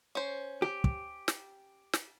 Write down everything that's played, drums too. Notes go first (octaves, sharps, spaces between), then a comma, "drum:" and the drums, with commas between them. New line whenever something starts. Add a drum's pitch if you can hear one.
C#4 C5
G4
drum: kick
drum: snare
drum: snare